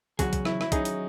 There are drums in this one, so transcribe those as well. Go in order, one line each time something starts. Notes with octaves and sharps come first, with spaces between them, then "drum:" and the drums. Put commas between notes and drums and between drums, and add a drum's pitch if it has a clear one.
E2 C#3 F#3 C#4 F#4 G#4, drum: kick, hi-hat
drum: kick, hi-hat
E4, drum: rim click
E4, drum: rim click
F#3 C#4 D#4 G#4, drum: kick, hi-hat
drum: hi-hat